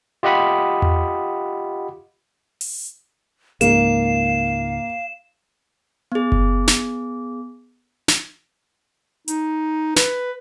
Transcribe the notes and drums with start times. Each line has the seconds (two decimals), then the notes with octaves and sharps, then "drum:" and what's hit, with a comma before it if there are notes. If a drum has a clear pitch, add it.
0.23 F4 G4 D#5 F#5 B5 D#6
0.82 drum: tom E2
2.61 drum: open hi-hat
3.61 C#2 G#2 A#3 F5 E7, drum: hi-hat
6.12 B3 G#4
6.32 drum: kick F#1
6.68 drum: snare
8.08 drum: snare
9.28 D#4, drum: hi-hat
9.96 B4, drum: snare